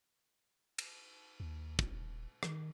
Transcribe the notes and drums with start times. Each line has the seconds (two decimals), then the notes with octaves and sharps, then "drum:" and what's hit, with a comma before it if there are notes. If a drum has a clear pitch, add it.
0.78 drum: cymbal
1.40 D#2
1.79 D1, drum: kick
1.92 D#1
2.43 D#3, drum: rim click